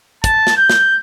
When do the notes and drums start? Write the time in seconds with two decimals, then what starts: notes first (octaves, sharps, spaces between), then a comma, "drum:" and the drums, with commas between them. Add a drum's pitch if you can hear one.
0.24 A5, drum: kick, hi-hat
0.47 drum: snare
0.57 G6
0.70 drum: snare